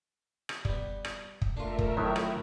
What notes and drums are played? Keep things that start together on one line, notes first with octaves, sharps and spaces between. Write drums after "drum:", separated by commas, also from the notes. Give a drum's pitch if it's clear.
drum: rim click
G3 B3, drum: kick
drum: rim click
drum: kick
A3 D4 F4 A#4 E5
drum: kick
F2 A2 D#3 F#3
drum: rim click